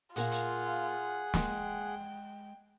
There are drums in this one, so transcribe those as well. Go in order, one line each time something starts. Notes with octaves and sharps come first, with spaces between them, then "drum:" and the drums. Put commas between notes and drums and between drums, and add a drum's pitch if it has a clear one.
A#2 F4 G#4 A#4 F5 F#5, drum: hi-hat
drum: hi-hat
G#3 G5, drum: snare